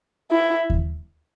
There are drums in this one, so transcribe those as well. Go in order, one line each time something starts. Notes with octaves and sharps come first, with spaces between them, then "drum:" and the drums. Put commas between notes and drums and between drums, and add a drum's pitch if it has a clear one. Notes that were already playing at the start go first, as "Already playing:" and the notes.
E4
drum: kick D#2